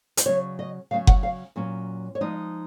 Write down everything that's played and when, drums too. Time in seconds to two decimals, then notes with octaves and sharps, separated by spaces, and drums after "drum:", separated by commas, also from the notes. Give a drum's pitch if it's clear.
0.17 C5, drum: hi-hat
0.26 C#3 F#3 C#4 C#5
0.59 D#5
0.91 C#3 F#3 A#3 C#4 F5
1.07 F#5, drum: kick F#1
1.23 F5
1.56 A#2 F#3 C#4
2.15 C#5
2.21 F3 G#3 D#4 D#5